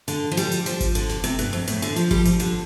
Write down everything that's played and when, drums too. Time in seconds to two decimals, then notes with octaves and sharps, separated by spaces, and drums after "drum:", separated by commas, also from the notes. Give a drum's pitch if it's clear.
0.08 D3, drum: hi-hat
0.31 F3
0.37 G3, drum: hi-hat
0.51 drum: hi-hat
0.66 F3, drum: hi-hat
0.80 drum: kick G#1, hi-hat
0.95 D3, drum: hi-hat
1.09 drum: snare F#1
1.24 C3, drum: hi-hat
1.39 G2, drum: hi-hat
1.53 F2, drum: open hi-hat
1.67 A2, drum: hi-hat
1.82 D3, drum: hi-hat
1.96 F3, drum: hi-hat
2.11 G3, drum: kick G#1, open hi-hat
2.25 F3, drum: hi-hat
2.40 D3, drum: hi-hat